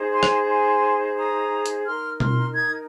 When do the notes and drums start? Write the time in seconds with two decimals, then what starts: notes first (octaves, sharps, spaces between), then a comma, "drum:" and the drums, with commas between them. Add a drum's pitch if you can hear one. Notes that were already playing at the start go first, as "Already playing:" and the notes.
Already playing: D#4 G#4 C5
0.13 G#5 C6
0.23 drum: rim click
0.47 G#5 C6
1.16 A#5 D#6
1.66 drum: hi-hat
1.86 D#4 A#4 C6 F6
2.20 C6 F6, drum: tom B2
2.55 D#6 G#6